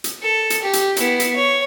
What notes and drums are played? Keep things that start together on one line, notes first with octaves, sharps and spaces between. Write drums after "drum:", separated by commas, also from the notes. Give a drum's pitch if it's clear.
drum: hi-hat
A4
drum: hi-hat
G4
drum: hi-hat
B3 E4, drum: hi-hat
drum: hi-hat
C#5